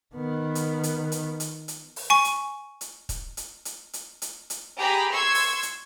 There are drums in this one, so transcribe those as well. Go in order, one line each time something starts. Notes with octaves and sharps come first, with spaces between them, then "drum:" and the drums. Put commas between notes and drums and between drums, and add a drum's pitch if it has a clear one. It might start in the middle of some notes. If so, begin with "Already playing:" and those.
D#3 B3
drum: hi-hat
drum: hi-hat
drum: hi-hat
drum: hi-hat
drum: hi-hat
drum: open hi-hat
G#5 C#6
drum: hi-hat
drum: hi-hat
drum: kick, hi-hat
drum: hi-hat
drum: hi-hat
drum: hi-hat
drum: hi-hat
drum: hi-hat
G4 G#4 A#5 B5
C6 C#6 E6 G#6
drum: open hi-hat
drum: hi-hat